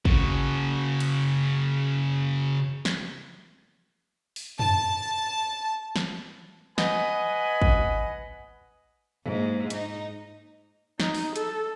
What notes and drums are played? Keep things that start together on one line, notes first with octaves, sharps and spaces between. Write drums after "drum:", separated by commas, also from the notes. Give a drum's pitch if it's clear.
C#3 F#4, drum: kick
drum: cymbal
drum: snare
drum: open hi-hat
A5, drum: tom
drum: snare
B4 D#5 F#5 G#5 B5, drum: snare
drum: kick
G#2 A#3
D#4, drum: hi-hat
D#4, drum: snare
drum: open hi-hat
A4, drum: hi-hat